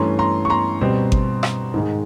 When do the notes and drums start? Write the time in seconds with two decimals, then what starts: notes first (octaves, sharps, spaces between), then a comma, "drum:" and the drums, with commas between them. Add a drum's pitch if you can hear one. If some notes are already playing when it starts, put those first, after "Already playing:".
Already playing: G2 E3 A3 C#4 A#5 C6
0.19 A#5 C6
0.45 C#6
0.50 A#5 C6
0.81 B2 G3 C4
1.12 drum: kick G#1
1.43 drum: rim click
1.74 G#2 D#3 G#3